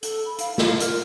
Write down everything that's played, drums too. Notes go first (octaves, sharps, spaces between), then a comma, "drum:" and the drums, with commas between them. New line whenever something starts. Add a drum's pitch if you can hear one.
A4, drum: hi-hat
B5
F5, drum: hi-hat
F4, drum: snare
A#4, drum: hi-hat